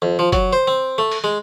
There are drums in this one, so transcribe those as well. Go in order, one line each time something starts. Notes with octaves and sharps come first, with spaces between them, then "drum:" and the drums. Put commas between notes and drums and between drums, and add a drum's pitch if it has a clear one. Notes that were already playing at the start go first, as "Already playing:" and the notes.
F2
F3
F#3, drum: kick F#1, hi-hat
C5
C4
A3
drum: open hi-hat
G#3